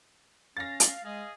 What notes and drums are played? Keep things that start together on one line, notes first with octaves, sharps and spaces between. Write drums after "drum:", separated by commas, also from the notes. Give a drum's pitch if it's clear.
C#4 F5 A6 A#6
drum: hi-hat
G#3 G#4 D#5 F5